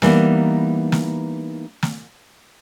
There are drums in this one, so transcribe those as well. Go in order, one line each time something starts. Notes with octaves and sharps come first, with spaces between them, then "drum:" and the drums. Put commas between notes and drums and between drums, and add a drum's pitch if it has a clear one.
E3 G3 A#3 B3 D#4, drum: snare
drum: snare
drum: snare